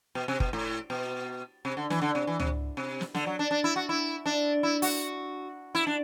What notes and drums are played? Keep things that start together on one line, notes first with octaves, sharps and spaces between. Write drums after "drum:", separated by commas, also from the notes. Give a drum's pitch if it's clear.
B2
C3
B2, drum: kick
A2
B2
C3
D3
E3, drum: snare
D3
C3
E3
C3, drum: tom C#2
C3
drum: snare
D3, drum: snare
F#3
D4
D4
E4
F#4
E4
D4
E4
F#4, drum: open hi-hat
E4
D4